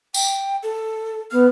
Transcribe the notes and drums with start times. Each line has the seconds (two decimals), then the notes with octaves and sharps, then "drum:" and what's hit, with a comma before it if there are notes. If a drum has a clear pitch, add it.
0.14 G5, drum: tambourine
0.63 A4
1.31 B3 F6